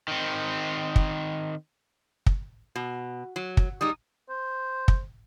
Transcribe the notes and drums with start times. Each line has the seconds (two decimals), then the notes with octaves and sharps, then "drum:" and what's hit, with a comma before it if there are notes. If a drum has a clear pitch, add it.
0.08 D#3 C4
0.96 drum: kick
2.26 drum: kick
2.75 B2
3.36 F#3
3.57 drum: kick
3.81 G3 G#3 D#4 D#6
4.29 C5
4.88 drum: kick